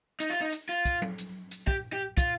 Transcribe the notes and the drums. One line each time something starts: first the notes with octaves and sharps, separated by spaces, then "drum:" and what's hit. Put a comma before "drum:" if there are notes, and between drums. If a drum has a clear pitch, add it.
D#4, drum: hi-hat
F4
D#4
drum: hi-hat
F4
drum: kick, hi-hat
drum: tom F#3
drum: hi-hat
drum: hi-hat
G4, drum: kick
G4
F4, drum: kick, hi-hat